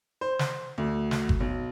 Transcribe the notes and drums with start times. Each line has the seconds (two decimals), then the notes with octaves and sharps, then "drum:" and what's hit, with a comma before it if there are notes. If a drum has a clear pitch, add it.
0.21 C5
0.39 drum: snare
0.78 D2
1.11 drum: snare
1.29 drum: kick G1
1.40 B1